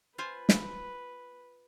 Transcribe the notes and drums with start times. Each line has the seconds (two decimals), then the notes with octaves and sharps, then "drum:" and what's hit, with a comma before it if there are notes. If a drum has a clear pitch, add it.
0.18 F4 B4 C5 G#5
0.49 drum: snare